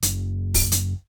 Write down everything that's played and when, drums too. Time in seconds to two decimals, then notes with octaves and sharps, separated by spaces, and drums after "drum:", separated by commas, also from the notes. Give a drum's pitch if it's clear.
0.03 F#1, drum: hi-hat
0.54 drum: kick, open hi-hat
0.72 drum: hi-hat